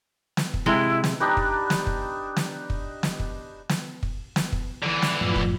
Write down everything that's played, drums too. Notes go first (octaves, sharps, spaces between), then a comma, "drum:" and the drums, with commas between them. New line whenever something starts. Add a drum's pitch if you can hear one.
drum: snare
drum: kick
C3 G#3 E4
drum: snare
D4 D#4 G4 B4
drum: kick
drum: snare
drum: kick
drum: snare
drum: kick
drum: snare
drum: kick
drum: snare
drum: kick
drum: snare
drum: kick
D3 E3
drum: snare
F#2 A2 F3
drum: kick